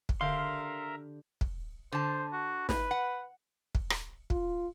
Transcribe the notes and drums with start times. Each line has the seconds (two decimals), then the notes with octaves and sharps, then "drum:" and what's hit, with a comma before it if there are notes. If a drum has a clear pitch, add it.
0.09 drum: kick
0.21 D3 G4 A#4 E5 F5 A#5 C6
1.41 drum: kick
1.92 D3 C5 A5
2.33 F#4
2.69 B4, drum: snare
2.91 F#5
3.75 drum: kick
3.90 drum: rim click
4.30 F4, drum: kick